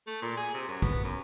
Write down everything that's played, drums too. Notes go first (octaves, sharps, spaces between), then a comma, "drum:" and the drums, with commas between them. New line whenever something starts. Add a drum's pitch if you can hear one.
A3
A#2
G#4
C3
F#2
B3, drum: kick
F#2